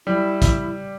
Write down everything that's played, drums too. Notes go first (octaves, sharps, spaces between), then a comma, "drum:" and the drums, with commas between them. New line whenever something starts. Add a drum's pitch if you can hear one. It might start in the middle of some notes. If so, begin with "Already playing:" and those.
G3 E4
drum: kick, hi-hat